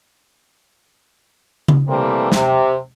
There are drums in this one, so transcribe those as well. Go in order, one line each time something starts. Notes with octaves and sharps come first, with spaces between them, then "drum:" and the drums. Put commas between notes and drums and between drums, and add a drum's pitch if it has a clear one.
drum: tom C#3
E3 G3 A3 A#3 C4
C3, drum: snare